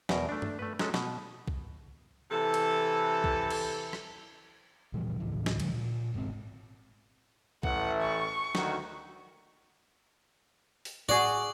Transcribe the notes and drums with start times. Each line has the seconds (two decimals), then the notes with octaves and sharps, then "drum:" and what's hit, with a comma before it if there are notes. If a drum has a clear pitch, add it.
0.09 E2 B2 A#4, drum: snare
0.29 A3 D4
0.42 drum: tom G2
0.59 A3 B4
0.79 F#3 G#3 C#4 A4, drum: snare
0.94 B2, drum: snare
1.48 drum: kick B1
2.31 C3 E3 A4
2.54 drum: cymbal
3.24 drum: kick B1
3.50 drum: cymbal
3.93 drum: rim click
4.94 A#2 E3 F3 G3
5.20 D2 A2 C#3 E3
5.46 drum: snare
5.60 D3 F3 G#3, drum: cymbal
5.73 A#2
6.14 F1 G#2 B2 C4
7.63 A1 E3 A3 F#5, drum: kick B1
8.01 C#6
8.55 D2 D#3 F#4, drum: snare
10.85 drum: open hi-hat
11.09 F#4 G#4 D5, drum: tom A2